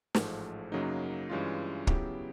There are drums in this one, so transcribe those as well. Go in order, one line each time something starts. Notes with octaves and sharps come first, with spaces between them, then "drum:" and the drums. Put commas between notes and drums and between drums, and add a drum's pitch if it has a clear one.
A1 G#2 F3 A3, drum: snare
F#2 C#3 F#3 A#3 D#4
G2 E3 G#3 C#4 F4
C#3 F#3 B3 E4 G4, drum: kick